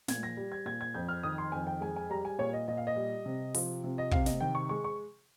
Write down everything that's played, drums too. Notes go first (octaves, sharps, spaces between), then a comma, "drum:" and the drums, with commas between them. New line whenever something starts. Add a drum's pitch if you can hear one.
A#2 G#6, drum: snare
A#6
G3
G#6
A#2 G#6
G#6
F2 G6
F6
D#3 D#6
C6
F2 G#5
G5
G#3 G#5
G#5
G3 A#5
G#5
A#2 C#5
D#5
A#2 D#5
F5
D#5
G3
C3
F3, drum: open hi-hat
C3
D#5
C3 F5, drum: kick
D#5, drum: snare
D#3 G5
C#6
G#3 C#6
C#6